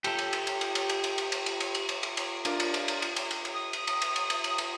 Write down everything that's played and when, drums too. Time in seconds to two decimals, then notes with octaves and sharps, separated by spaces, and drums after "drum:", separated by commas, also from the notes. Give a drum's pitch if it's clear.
0.04 G4 A4, drum: cymbal
0.19 drum: cymbal
0.33 drum: cymbal
0.47 drum: cymbal
0.61 drum: cymbal
0.75 drum: cymbal
0.89 drum: cymbal
1.04 drum: cymbal
1.18 drum: cymbal
1.32 drum: cymbal
1.46 drum: cymbal
1.60 drum: cymbal
1.75 drum: cymbal
1.89 drum: cymbal
2.03 drum: cymbal
2.17 drum: cymbal
2.45 D4 F4 A#4 D6, drum: cymbal
2.60 drum: cymbal
2.74 drum: cymbal
2.88 drum: cymbal
3.02 drum: cymbal
3.16 drum: cymbal
3.31 drum: cymbal
3.45 drum: cymbal
3.54 D#6
3.73 drum: cymbal
3.87 drum: cymbal
4.02 drum: cymbal
4.16 drum: cymbal
4.30 drum: cymbal
4.44 drum: cymbal
4.58 drum: cymbal